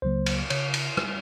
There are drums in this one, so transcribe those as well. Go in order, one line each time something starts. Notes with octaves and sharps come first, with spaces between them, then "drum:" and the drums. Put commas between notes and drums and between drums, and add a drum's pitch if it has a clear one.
C#2 C#3 F#3 A#3 C5
drum: cymbal
C#3 C#5, drum: cymbal
drum: cymbal
drum: rim click